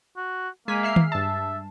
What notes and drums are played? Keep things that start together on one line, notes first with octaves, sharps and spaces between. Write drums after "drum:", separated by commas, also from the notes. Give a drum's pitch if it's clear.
F#4
G#3 A#3 G#5 B6
E5 F6 C7
drum: tom D#3
G2 E5 A5